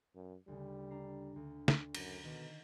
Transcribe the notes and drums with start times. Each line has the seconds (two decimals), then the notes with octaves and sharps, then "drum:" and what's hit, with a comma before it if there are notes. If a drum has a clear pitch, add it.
0.15 F#2
0.48 D2 C#3 G3
0.91 D4 A#5 C7
1.36 D2
1.68 drum: snare
1.95 F#2 A#5 D6, drum: cymbal
2.24 B2 D#3